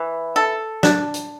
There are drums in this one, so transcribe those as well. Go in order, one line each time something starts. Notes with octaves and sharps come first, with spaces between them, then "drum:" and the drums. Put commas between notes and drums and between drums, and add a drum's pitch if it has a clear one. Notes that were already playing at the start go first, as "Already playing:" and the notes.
Already playing: E3
A4
D4, drum: snare
drum: hi-hat